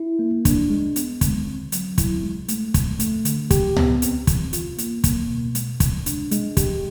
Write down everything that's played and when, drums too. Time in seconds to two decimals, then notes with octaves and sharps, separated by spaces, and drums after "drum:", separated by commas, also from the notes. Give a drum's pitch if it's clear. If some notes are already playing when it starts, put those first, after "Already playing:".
Already playing: E4
0.19 A#3
0.45 D4, drum: kick, hi-hat
0.70 G#3
0.96 B3, drum: hi-hat
1.21 D3, drum: kick, hi-hat
1.47 C4
1.72 F#3, drum: hi-hat
1.98 E4, drum: kick, hi-hat
2.23 G#3
2.48 A3, drum: hi-hat
2.74 A#2, drum: kick, hi-hat
3.00 A3, drum: hi-hat
3.25 D3, drum: hi-hat
3.51 G4, drum: kick, hi-hat
3.76 B3, drum: tom C#2
4.02 C4, drum: hi-hat
4.27 E3, drum: kick, hi-hat
4.53 F4, drum: hi-hat
4.78 A#3, drum: hi-hat
5.04 A#3, drum: kick, hi-hat
5.29 B2
5.55 G#3, drum: hi-hat
5.80 C3, drum: kick, hi-hat
6.06 D4, drum: hi-hat
6.31 G#3, drum: hi-hat
6.57 G4, drum: kick, hi-hat